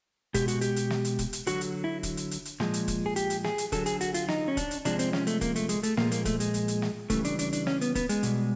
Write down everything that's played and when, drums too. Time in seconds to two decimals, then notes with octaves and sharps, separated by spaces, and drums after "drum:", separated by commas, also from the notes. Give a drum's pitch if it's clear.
0.34 B2 G#3 G4, drum: kick, hi-hat
0.48 F#4, drum: hi-hat
0.61 G4, drum: hi-hat
0.76 drum: hi-hat
0.90 drum: snare
1.05 drum: hi-hat
1.19 drum: kick, hi-hat
1.33 drum: hi-hat
1.47 D3 F#3 F#4, drum: hi-hat
1.61 drum: hi-hat
1.84 E4
2.03 drum: kick, hi-hat
2.17 drum: hi-hat
2.31 drum: hi-hat
2.45 drum: hi-hat
2.60 A#2 F3 G#3, drum: snare
2.74 drum: hi-hat
2.88 drum: kick, hi-hat
3.06 G#4
3.16 G4, drum: hi-hat
3.30 drum: hi-hat
3.44 G#4, drum: snare
3.58 drum: hi-hat
3.72 D3 F#3 A4, drum: kick, hi-hat
3.86 G#4, drum: hi-hat
4.01 F#4, drum: hi-hat
4.14 F4, drum: hi-hat
4.29 D#4, drum: snare
4.48 C#4
4.57 D4, drum: kick, hi-hat
4.71 drum: hi-hat
4.85 C3 F3 G#3 D4, drum: hi-hat
4.99 C4, drum: hi-hat
5.13 C#4, drum: snare
5.27 A3, drum: hi-hat
5.41 A#3, drum: kick, hi-hat
5.56 A3, drum: hi-hat
5.69 G#3, drum: hi-hat
5.83 A3, drum: hi-hat
5.97 A#2 F3 G#3 A#3, drum: snare
6.12 A#3, drum: hi-hat
6.25 A3, drum: kick, hi-hat
6.40 G#3, drum: hi-hat
6.54 drum: hi-hat
6.68 drum: hi-hat
6.82 drum: snare
7.10 C#3 E3 G3 A3, drum: kick, hi-hat
7.25 D4, drum: hi-hat
7.39 D4, drum: hi-hat
7.53 D4, drum: hi-hat
7.67 C#4, drum: snare
7.81 B3, drum: hi-hat
7.95 B3, drum: kick, hi-hat
8.09 G#3, drum: hi-hat
8.23 B2 G3, drum: hi-hat